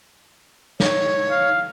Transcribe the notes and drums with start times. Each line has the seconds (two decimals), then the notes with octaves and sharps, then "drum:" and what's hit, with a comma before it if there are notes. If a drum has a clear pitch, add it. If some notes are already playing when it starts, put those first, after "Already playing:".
0.80 C#5, drum: snare
1.30 F5